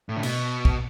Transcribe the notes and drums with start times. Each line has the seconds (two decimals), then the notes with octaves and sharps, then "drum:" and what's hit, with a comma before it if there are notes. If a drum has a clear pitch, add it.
0.09 A2
0.17 D3
0.23 B2, drum: cymbal
0.65 drum: kick